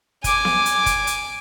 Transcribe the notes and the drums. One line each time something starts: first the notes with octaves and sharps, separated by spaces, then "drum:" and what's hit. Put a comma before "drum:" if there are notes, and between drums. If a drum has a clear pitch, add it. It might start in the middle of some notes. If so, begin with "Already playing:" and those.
G#5 D6, drum: kick, hi-hat
drum: snare B3
drum: hi-hat
drum: kick, hi-hat
drum: hi-hat